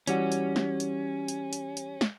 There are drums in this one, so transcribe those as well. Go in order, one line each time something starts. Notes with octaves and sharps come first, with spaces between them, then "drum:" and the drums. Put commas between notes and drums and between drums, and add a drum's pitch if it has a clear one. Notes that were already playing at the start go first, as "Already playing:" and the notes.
E3 G3 C#4 F#4, drum: hi-hat
drum: hi-hat
drum: snare
drum: hi-hat
drum: hi-hat
drum: hi-hat
drum: hi-hat
drum: snare